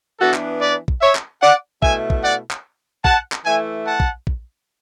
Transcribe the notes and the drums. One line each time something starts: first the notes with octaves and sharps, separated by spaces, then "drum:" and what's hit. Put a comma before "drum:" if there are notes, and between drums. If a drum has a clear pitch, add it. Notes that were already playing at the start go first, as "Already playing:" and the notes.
E3 B3 D4 F#4 A4
drum: clap
B4 D5
drum: kick
C#5 E5
drum: clap
D5 F#5
B2 A3 E4 E5 G#5, drum: kick
drum: kick
D5 F#5
drum: clap
F#5 A5, drum: kick
drum: clap
E3 A3 E4 E5 G#5
F#5 A5
drum: kick
drum: kick